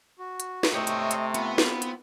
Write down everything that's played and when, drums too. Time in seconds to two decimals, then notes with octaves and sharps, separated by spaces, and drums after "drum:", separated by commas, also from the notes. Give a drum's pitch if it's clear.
0.19 F#4
0.40 drum: hi-hat
0.63 drum: snare
0.74 C3 A3 C#5 D#5 E5 G5
0.87 drum: hi-hat
1.11 drum: hi-hat
1.34 B3 C4 F4 B5, drum: hi-hat
1.58 drum: snare
1.82 drum: hi-hat